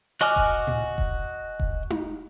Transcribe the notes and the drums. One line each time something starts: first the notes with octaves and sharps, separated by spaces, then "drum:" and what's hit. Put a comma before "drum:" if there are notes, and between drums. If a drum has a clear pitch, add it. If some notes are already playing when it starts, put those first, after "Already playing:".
F#4 D#5 G#5 D6 F6
drum: kick E1
drum: tom A2
drum: kick E1
drum: kick E1
drum: tom D#4